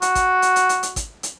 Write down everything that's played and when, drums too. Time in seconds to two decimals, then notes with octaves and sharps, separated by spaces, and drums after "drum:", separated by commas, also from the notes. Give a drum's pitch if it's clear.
0.02 F#4, drum: hi-hat
0.15 drum: kick G#1, hi-hat
0.42 drum: hi-hat
0.56 drum: hi-hat
0.69 drum: hi-hat
0.83 drum: hi-hat
0.96 drum: kick G#1, hi-hat
1.23 drum: hi-hat